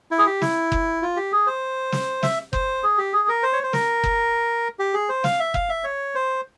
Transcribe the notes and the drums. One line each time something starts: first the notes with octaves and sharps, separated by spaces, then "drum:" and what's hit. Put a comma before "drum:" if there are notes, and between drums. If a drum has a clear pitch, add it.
E4
G#4
G4
E4, drum: snare
drum: kick F#1
F4
G4
G#4
C5
drum: snare
E5, drum: snare
C5, drum: kick F#1
G#4
G4
G#4
A#4
C5
C#5
C5
A#4, drum: snare
drum: kick F#1
G4
G#4
C5
F5, drum: snare
E5
F5, drum: kick F#1
E5
C#5
C5